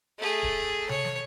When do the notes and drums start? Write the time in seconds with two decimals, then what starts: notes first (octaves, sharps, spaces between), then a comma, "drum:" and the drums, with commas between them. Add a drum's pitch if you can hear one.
0.19 A3 G#4
0.43 drum: kick D1
0.89 C#5, drum: tom C3
1.05 drum: snare